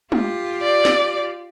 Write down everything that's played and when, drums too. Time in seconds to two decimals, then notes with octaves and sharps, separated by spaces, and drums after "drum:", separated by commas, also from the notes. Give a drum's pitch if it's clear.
0.12 F4 G4, drum: tom
0.62 D5
0.85 drum: snare